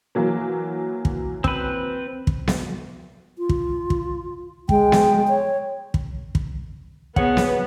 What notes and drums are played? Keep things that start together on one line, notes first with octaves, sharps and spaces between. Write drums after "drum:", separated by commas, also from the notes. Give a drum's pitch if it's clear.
E3 F#3 A#3
drum: kick
C4 B4, drum: kick
drum: kick
drum: snare B3
F4
drum: kick
drum: kick
G#3 G5, drum: kick
drum: snare B3
C#5
drum: kick
drum: kick
B3 G#4 C#5 F#5, drum: kick
drum: snare B3